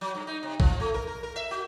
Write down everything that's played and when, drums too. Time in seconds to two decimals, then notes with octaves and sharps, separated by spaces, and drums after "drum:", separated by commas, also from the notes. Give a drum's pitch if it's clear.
0.01 F#3
0.15 G2
0.27 D#4
0.43 C3
0.60 F3, drum: kick A1
0.80 A3
0.94 A#4
1.07 A#4
1.23 A#4
1.36 E5
1.51 F#4